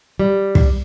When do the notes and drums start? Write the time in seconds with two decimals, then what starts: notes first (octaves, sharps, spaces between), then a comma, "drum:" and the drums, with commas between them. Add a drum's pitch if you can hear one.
0.19 G3
0.55 drum: kick